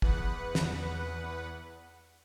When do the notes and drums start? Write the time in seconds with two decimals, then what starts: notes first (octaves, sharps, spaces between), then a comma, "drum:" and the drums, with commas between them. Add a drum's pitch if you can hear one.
0.02 E2 B4 F#5, drum: kick
0.55 drum: snare